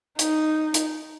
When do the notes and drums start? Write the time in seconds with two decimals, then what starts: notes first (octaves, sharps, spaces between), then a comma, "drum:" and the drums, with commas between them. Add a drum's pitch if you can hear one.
0.19 D#4, drum: hi-hat
0.74 drum: hi-hat